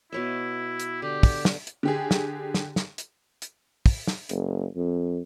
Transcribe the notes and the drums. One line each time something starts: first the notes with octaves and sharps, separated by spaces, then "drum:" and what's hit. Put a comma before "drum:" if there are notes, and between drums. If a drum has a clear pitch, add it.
B2 E4 C#5 E5
drum: hi-hat
D3 G4
drum: kick, open hi-hat
drum: snare
drum: hi-hat
D3 G4 G#4
drum: snare
drum: snare
drum: snare
drum: hi-hat
drum: hi-hat
drum: kick, open hi-hat
drum: snare
F#1, drum: hi-hat
F2